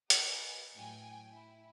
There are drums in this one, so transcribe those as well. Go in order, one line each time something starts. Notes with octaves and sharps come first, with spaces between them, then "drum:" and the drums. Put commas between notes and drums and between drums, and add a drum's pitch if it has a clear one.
G4 A#4 B4 D#5 F5 G#5, drum: hi-hat
A2 F#3 G5 G#5
E4